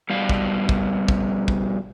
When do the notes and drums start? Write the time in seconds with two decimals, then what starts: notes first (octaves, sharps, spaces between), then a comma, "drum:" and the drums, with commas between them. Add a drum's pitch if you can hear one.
0.10 B2 G3 F5
0.29 drum: kick
0.69 drum: kick
1.08 drum: kick
1.48 drum: kick